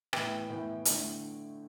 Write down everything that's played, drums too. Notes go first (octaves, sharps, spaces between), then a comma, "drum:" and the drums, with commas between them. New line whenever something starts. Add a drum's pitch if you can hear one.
A2 E3 B3 G5, drum: rim click
A2 E3 B3
D3 A3 E4, drum: hi-hat